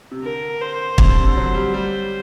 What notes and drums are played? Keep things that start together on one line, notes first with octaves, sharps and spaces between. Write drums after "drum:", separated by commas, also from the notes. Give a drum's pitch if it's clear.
C3
D3 A#4
C5
C3, drum: kick
D3
C3
D3
F#3
G3
G3